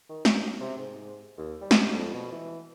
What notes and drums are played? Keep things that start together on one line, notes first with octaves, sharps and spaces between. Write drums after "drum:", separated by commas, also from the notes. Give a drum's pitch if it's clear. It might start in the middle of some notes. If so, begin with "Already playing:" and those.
D#3
F#3, drum: snare
C3
G#2
D#2
G3
drum: snare
F2
B2
E3